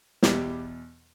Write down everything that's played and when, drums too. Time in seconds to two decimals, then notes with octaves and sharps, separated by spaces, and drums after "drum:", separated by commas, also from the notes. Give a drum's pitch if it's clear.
0.23 E2 B2 G3 G4, drum: snare